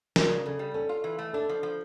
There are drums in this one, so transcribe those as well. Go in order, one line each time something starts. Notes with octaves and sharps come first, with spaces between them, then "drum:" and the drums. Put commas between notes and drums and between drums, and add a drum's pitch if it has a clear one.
D4 A#4, drum: snare
C#3
C#3 A4
G3
C#4 A4
F4
E3
A3
D4 A4
F3
F3